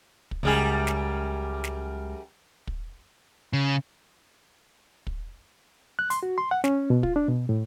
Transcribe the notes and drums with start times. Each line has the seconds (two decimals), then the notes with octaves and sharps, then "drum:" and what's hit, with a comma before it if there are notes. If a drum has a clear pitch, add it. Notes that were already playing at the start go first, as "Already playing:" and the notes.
0.31 drum: kick
0.43 C#2 F#2 G3 G#3 G#4 F6
0.87 drum: snare
1.64 drum: snare
2.67 drum: kick
3.53 C#3
5.07 drum: kick
5.99 F#6
6.10 C6, drum: hi-hat
6.23 F#4
6.38 C6
6.51 F#5
6.64 C#4, drum: snare
6.90 B2
7.03 F4, drum: kick
7.16 D4
7.29 B2
7.49 A2